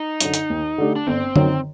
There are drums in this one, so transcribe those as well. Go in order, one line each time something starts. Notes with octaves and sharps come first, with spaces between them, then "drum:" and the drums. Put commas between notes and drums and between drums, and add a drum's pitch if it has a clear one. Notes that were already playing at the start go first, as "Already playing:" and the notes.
Already playing: D#4
F#2 D3, drum: hi-hat
drum: hi-hat
D#2
D3 A3 D4 G4
D4
G1 C4
F#2 D#3 F#3, drum: tom D3